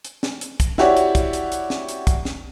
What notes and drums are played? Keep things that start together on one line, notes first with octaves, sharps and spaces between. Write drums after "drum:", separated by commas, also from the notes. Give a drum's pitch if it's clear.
drum: hi-hat
drum: snare
drum: hi-hat
drum: kick, hi-hat
E4 F#4 G4 C#5 D5, drum: snare
drum: hi-hat
drum: kick, hi-hat
drum: hi-hat
drum: hi-hat
drum: snare
drum: hi-hat
drum: kick, hi-hat
drum: snare